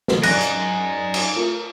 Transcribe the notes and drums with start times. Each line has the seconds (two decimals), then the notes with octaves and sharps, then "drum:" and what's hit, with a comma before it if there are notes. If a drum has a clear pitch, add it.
0.08 drum: snare
0.23 F#2 D4 D#4 G#4 F#6 A#6, drum: cymbal
0.41 drum: hi-hat
1.14 drum: cymbal
1.36 A3 F4 A#4